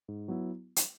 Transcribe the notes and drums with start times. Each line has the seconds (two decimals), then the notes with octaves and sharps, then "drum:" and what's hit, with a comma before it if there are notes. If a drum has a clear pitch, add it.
0.08 G#2
0.28 F#3 B3 E4
0.76 drum: hi-hat